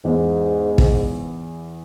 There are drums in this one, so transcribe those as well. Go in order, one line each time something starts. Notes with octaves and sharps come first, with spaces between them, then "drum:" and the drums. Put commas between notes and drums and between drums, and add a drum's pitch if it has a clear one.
E2 G#2
drum: kick